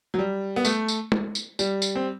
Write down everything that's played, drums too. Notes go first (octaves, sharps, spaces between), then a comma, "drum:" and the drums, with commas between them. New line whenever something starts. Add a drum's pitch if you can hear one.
F#3
G3
B3
A3, drum: tambourine
drum: tambourine
drum: tom
drum: tambourine
G3, drum: tambourine
drum: tambourine
C4